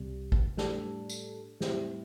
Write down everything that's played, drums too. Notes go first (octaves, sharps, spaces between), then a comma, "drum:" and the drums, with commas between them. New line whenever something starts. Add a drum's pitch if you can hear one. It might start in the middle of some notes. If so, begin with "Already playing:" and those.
Already playing: C2 C3 G3
drum: kick G#1
A2 G3 D4 A4, drum: snare
drum: tambourine
A2 G3 C4 E4, drum: snare